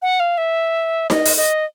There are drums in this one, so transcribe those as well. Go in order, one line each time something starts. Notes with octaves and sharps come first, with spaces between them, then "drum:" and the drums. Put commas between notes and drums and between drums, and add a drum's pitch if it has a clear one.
F#5
F5
E5
D#5, drum: snare D#4
drum: open hi-hat
D#5